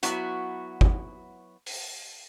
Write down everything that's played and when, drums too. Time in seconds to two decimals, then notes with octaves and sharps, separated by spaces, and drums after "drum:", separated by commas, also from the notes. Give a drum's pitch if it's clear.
0.03 F#3 B3 E4 F#4, drum: hi-hat
0.81 drum: kick
1.66 drum: open hi-hat